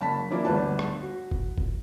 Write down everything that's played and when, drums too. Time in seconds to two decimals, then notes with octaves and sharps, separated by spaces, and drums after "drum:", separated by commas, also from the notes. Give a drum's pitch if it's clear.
0.01 F#1 A5 B5 B6
0.30 E3 F#3 A#3 D4 E4 F4
0.45 G1 D2 D4 B4 A5
0.79 drum: rim click
1.03 F#4
1.31 drum: kick F#1
1.58 drum: kick F#1